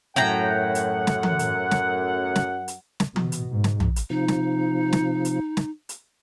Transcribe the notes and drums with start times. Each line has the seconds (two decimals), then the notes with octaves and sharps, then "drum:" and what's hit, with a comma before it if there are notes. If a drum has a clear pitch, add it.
0.16 F#2 A2 F#5 G5 A#5
0.75 drum: hi-hat
1.07 drum: snare
1.23 drum: tom E3
1.39 drum: hi-hat
1.71 drum: snare
2.36 drum: snare
2.68 drum: hi-hat
3.00 drum: snare
3.16 B2, drum: tom E3
3.32 drum: hi-hat
3.51 G#2
3.64 drum: snare
3.80 drum: tom
3.96 drum: hi-hat
4.10 C3 F3 D#4
4.28 drum: snare
4.93 drum: snare
5.25 drum: hi-hat
5.57 drum: snare
5.89 drum: hi-hat